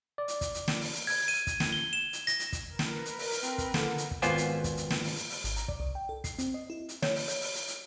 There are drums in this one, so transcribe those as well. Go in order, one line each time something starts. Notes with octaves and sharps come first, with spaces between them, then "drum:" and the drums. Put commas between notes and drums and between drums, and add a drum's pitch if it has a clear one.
D5
drum: hi-hat
drum: kick, hi-hat
drum: hi-hat
drum: snare
drum: open hi-hat
drum: hi-hat
G#6, drum: open hi-hat
D#7
drum: kick, hi-hat
drum: snare
G7
E7
drum: hi-hat
A#6, drum: hi-hat
drum: hi-hat
drum: kick, hi-hat
A#4 B4
drum: snare
drum: hi-hat
drum: open hi-hat
drum: hi-hat
C4, drum: hi-hat
drum: kick, hi-hat
D3, drum: snare
drum: hi-hat
drum: kick
G#1 B3 F4 C5 D5 G#5, drum: hi-hat
drum: hi-hat
drum: kick, hi-hat
drum: hi-hat
drum: snare
drum: open hi-hat
drum: hi-hat
drum: open hi-hat
G#1, drum: hi-hat
A#5, drum: hi-hat
D5, drum: kick
C2
G5
A4
C7, drum: kick, hi-hat
C4, drum: hi-hat
D#5
E4
drum: hi-hat
C#5, drum: snare
drum: open hi-hat
C#5, drum: hi-hat
drum: open hi-hat
drum: hi-hat
drum: hi-hat